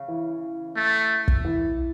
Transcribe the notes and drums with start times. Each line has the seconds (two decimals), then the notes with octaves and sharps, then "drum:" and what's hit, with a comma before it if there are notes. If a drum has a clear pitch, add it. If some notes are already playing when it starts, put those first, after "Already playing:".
Already playing: C#3
0.08 E3
0.76 A3
1.28 drum: kick
1.45 E3